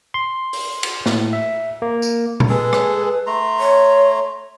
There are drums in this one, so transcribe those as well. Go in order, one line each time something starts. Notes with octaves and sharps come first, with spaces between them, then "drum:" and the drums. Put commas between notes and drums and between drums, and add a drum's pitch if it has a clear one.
C6
drum: open hi-hat
drum: cymbal
A2, drum: snare
E5
A#3
drum: tambourine
drum: tom A#2
G#3 G#4 A4 B4
drum: rim click
A3 A#5 C6
C#5